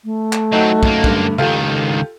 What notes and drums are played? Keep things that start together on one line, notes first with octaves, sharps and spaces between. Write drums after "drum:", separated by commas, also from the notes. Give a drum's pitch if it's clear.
A3
drum: clap
F#3 C4 D#4 F#4
F#2 A#3, drum: kick
G2 D3, drum: kick
C#2 D#3 F4 G4 A4